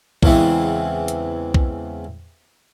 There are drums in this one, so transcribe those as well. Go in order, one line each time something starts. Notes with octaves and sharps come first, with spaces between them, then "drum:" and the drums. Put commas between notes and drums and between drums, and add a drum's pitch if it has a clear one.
E2 C#3 E3 G#3 B3 C4, drum: kick B1
drum: hi-hat
drum: kick B1